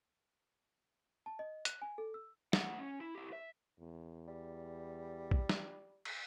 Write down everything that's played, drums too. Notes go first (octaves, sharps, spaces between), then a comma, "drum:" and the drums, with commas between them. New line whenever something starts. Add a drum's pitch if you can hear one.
A5
D#5
F#6, drum: hi-hat
G#5
A4
E6
A3 F#5, drum: snare
C#4
E4
E4 G4
E5
E2
G3
drum: kick
drum: snare
drum: cymbal